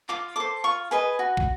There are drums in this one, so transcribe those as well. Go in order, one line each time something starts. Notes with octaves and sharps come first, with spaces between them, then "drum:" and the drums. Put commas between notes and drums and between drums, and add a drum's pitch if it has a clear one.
F4 D6, drum: clap
A4 C5 D6
F4 C#6
G#4 B4 D#5 G#5
F#4
drum: kick